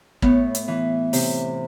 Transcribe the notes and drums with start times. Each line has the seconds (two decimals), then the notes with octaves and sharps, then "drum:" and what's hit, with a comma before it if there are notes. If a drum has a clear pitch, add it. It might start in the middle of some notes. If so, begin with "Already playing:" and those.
0.22 A2 B3, drum: kick
0.55 drum: hi-hat
0.68 E3
1.13 C3, drum: open hi-hat